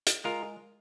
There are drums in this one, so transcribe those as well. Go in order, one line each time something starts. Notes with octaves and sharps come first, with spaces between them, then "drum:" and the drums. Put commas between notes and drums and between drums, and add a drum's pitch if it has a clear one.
drum: hi-hat
G#3 F4 A#4